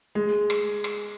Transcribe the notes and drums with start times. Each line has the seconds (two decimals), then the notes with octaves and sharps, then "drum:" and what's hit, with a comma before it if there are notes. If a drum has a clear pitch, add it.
0.15 G#3
0.50 drum: rim click
0.84 drum: rim click